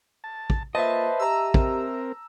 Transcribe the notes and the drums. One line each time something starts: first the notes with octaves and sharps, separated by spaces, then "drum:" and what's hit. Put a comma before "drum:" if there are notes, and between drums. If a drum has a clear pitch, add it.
A5
drum: kick
A#3 F4 B4 C5 D#5 E5 A5
G4 A#5 E6
C4 A#4, drum: kick